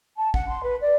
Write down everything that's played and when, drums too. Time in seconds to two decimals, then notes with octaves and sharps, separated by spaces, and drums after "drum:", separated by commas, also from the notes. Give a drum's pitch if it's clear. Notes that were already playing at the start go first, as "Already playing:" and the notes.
0.17 A5
0.34 F#5, drum: kick
0.47 C6
0.62 B4
0.81 D5